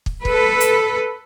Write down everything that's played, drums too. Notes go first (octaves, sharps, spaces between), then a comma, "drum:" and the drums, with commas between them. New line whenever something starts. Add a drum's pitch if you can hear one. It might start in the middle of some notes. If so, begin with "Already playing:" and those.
drum: kick
A4 B4, drum: kick
drum: hi-hat